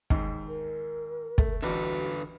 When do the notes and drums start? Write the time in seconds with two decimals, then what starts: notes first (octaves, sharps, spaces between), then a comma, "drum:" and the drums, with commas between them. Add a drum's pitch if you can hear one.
0.10 D#2 G#2, drum: kick
0.48 A#4
1.38 A3, drum: kick
1.63 A1 E2 D3 F#4 B4